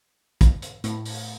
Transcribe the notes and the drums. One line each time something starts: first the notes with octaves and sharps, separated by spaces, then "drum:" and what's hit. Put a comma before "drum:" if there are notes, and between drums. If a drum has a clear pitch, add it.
drum: kick, hi-hat
drum: hi-hat
A2, drum: hi-hat
drum: open hi-hat